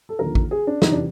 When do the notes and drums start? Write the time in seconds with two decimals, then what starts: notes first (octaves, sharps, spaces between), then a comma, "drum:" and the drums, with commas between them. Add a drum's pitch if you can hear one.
0.09 A4
0.19 D#2 D3 F3 A#4
0.35 drum: kick A1
0.51 G#4
0.67 D4
0.82 E2 C3 E3 D#4, drum: snare
0.92 D4